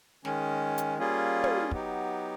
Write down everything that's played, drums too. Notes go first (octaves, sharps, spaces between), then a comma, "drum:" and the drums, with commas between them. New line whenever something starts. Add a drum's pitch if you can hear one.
D#3 G#3 C#4, drum: snare
drum: hi-hat
G3 A#3 C#4 F4 G#4
drum: tom
F#3 B3 D#4 G4, drum: kick